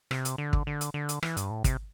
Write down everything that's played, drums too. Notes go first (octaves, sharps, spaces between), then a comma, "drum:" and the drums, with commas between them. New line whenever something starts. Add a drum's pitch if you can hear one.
C3, drum: rim click
drum: hi-hat
D3
drum: kick
D3
drum: hi-hat
D3
drum: hi-hat
E3, drum: rim click
G2, drum: hi-hat
A2
C3, drum: kick, hi-hat